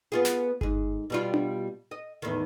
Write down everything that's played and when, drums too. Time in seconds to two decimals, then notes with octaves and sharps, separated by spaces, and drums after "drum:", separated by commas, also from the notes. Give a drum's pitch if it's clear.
0.12 B3 F4 G#4
0.25 drum: snare
0.61 G#2 G#4, drum: kick G1
1.10 B2 G3 F4
1.34 drum: tom D4
1.91 D#5
2.22 E2 A2 D#3